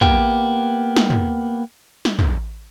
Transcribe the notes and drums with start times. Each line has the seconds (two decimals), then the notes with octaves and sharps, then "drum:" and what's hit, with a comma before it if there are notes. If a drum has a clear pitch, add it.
0.01 A#3 B3 G4, drum: tom
0.96 drum: snare
1.10 drum: tom
2.05 drum: snare
2.19 drum: tom